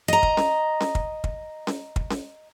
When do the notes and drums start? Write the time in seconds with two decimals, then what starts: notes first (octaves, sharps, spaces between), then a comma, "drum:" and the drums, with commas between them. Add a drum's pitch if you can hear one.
0.08 D#5 A#5
0.23 drum: kick
0.37 drum: snare C#4
0.80 drum: snare C#4
0.95 drum: kick
1.24 drum: kick
1.67 drum: snare C#4
1.96 drum: kick
2.10 drum: snare C#4